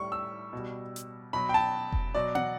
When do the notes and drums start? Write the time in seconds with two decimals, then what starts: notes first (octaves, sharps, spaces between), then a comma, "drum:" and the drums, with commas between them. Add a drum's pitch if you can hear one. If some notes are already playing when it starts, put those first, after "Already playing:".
Already playing: A2 G3 C#6
0.12 E6
0.53 B2 G3
0.96 drum: hi-hat
1.33 B2 F#3 B5
1.49 G5
1.54 A5
1.92 drum: kick F1
2.15 B2 F#3 D5
2.35 F#5, drum: tom B3